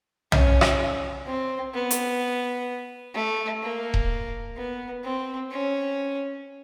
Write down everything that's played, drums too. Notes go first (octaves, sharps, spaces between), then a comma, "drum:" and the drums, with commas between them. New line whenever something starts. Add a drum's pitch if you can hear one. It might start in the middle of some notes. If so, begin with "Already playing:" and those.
C#4, drum: tom B1
drum: rim click
C4
B3
drum: hi-hat
A3
A#3
drum: kick D#1
B3
C4
C#4